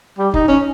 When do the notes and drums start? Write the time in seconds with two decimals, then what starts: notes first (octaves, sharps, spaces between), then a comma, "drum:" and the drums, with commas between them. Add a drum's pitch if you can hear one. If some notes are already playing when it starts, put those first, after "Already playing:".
0.18 G3
0.34 D#4, drum: kick F1
0.48 C#4